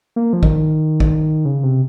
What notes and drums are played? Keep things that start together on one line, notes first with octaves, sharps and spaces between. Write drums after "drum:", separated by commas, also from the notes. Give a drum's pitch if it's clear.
A#3
F3
D#3, drum: kick
drum: kick
C#3
C3